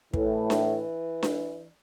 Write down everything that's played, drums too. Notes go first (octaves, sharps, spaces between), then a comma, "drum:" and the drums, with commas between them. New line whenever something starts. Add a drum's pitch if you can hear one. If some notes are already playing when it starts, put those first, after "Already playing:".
A2 E3, drum: kick
drum: snare D4
drum: snare D4